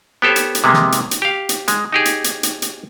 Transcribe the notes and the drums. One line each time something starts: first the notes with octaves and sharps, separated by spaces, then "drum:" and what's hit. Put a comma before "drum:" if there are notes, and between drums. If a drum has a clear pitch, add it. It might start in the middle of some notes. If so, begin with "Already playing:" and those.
B3 G4 A4 C5 C#5
drum: hi-hat
drum: hi-hat
C3 G#3 A#3 B3
drum: snare
drum: hi-hat
drum: hi-hat
G4 F5
drum: hi-hat
G#3, drum: hi-hat
D#4 G4 G#4
drum: hi-hat
drum: hi-hat
drum: hi-hat
drum: hi-hat